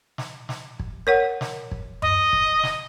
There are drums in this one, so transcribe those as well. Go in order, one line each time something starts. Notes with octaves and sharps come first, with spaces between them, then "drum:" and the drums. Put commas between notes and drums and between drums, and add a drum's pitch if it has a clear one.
drum: snare
drum: snare
drum: kick
A#4 C#5 F#5
drum: snare
drum: kick
D#5, drum: tom F#2
drum: kick
drum: snare